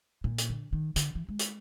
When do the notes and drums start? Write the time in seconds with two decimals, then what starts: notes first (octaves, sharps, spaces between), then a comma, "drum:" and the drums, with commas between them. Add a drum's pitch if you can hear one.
0.24 A#2
0.38 drum: hi-hat
0.49 D3
0.73 D#3
0.96 D3, drum: hi-hat
1.15 E3
1.29 G#3
1.39 drum: hi-hat